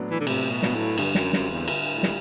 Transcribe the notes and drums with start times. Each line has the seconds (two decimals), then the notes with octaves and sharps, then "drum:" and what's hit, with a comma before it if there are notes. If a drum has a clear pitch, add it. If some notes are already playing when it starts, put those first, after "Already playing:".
Already playing: A2 F#3 B3 D4
0.10 E3
0.20 D3
0.27 A2 C3, drum: cymbal
0.50 B2
0.63 F#3 B3 D4, drum: snare
0.75 A2
0.98 G2 D3, drum: cymbal
1.15 F#2, drum: snare
1.33 F#2 G3 C4, drum: snare
1.51 E2
1.68 D3, drum: cymbal
1.92 A2
2.03 G3, drum: snare